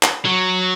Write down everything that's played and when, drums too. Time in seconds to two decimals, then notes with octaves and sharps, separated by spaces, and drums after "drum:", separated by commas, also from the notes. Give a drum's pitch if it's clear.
0.03 drum: clap
0.25 F#3